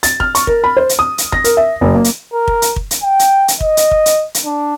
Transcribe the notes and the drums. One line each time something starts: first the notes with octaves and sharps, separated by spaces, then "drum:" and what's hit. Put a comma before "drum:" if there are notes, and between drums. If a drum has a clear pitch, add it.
A6, drum: hi-hat
F6, drum: kick
C#6, drum: hi-hat
A#4, drum: kick
B5
C5
drum: hi-hat
D#6
drum: hi-hat
A#6, drum: kick
A#4, drum: hi-hat
E5
F#1
A#3
drum: hi-hat
A#4
drum: kick
drum: hi-hat
drum: kick
drum: hi-hat
G5
drum: hi-hat
drum: hi-hat
D#5, drum: kick
drum: hi-hat
drum: kick
drum: hi-hat
drum: hi-hat
D4